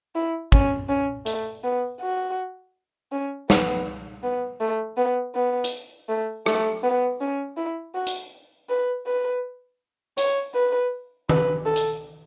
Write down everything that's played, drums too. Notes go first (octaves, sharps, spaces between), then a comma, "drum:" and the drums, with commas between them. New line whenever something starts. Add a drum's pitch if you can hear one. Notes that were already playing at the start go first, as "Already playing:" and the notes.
E4
C#4, drum: kick
C#4
A3, drum: hi-hat
B3
F#4
C#4
B3, drum: snare
B3
A3
B3
B3
drum: hi-hat
A3
A3, drum: rim click
B3
C#4
E4
F#4
drum: hi-hat
B4
B4
C#5, drum: hi-hat
B4
B4, drum: tom D#3
A4
drum: hi-hat